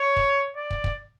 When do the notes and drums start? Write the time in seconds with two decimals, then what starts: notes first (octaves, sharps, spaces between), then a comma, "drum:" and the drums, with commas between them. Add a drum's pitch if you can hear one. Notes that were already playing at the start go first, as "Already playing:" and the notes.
Already playing: C#5
0.16 drum: kick
0.57 D5
0.70 drum: kick
0.84 drum: kick